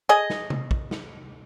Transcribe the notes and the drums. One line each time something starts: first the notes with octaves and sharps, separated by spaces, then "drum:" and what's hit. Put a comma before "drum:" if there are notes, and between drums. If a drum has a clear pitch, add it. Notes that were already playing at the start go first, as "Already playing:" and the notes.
G#4 D#5
drum: snare
drum: tom C3
drum: kick
drum: snare